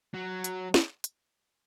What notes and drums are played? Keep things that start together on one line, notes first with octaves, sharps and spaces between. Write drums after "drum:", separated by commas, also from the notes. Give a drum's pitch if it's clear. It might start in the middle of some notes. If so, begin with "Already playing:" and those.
F#3
drum: hi-hat
drum: snare
drum: hi-hat